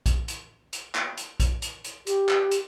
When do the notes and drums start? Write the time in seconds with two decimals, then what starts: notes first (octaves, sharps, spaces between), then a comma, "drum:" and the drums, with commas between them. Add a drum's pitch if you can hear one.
0.06 drum: kick, hi-hat
0.28 drum: hi-hat
0.73 drum: hi-hat
0.95 drum: clap
1.17 drum: hi-hat
1.40 drum: kick, hi-hat
1.62 drum: hi-hat
1.84 drum: hi-hat
2.07 G4, drum: hi-hat
2.29 drum: clap
2.51 drum: hi-hat